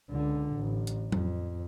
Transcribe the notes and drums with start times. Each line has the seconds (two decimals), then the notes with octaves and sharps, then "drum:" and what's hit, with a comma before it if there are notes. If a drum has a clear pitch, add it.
0.11 C#2 D3
0.55 A1
0.87 drum: hi-hat
1.12 F2, drum: tom F#3